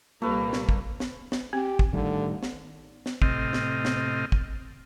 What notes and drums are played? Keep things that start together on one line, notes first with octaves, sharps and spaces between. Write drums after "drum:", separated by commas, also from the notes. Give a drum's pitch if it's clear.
C2 A#2 G3 A3 A#3 B4
drum: snare
drum: kick
drum: snare
drum: snare
C4 G4
drum: kick
A2 D3 D#3 G3
drum: snare
drum: snare
A2 C3 C4 D#5 F6, drum: kick
drum: snare
drum: snare
drum: kick